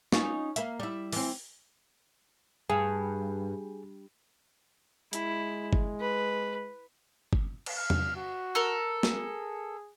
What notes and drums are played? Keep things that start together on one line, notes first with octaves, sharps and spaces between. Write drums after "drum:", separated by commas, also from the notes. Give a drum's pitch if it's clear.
C#4 D#4 F4, drum: snare A#3
A#3 E5, drum: hi-hat
G3 E4
E3 C4, drum: open hi-hat
G2 G#4
G#3 E4, drum: hi-hat
drum: kick G1
B4
drum: kick G1
drum: cymbal
F6
drum: tom
F#4
A4 A#4
G#4, drum: snare A#3